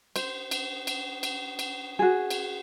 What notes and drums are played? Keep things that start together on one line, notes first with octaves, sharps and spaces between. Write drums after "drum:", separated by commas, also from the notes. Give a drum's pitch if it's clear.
C5, drum: cymbal
drum: cymbal
drum: cymbal
drum: cymbal
drum: cymbal
F#4 G#4
drum: cymbal